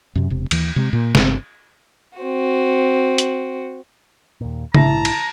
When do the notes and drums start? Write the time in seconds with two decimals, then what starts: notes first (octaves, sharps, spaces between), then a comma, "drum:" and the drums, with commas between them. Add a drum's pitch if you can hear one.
0.15 F#2 C3
0.30 E1 C3
0.51 D#2 E3, drum: cymbal
0.76 C3 G#3
0.93 A#2
1.15 G1 C3, drum: snare
2.18 C4 F#4
3.18 drum: hi-hat
4.41 D#2 A#2
4.74 A#1 G#2 E4 A5 A#5, drum: tom C#3
5.05 drum: cymbal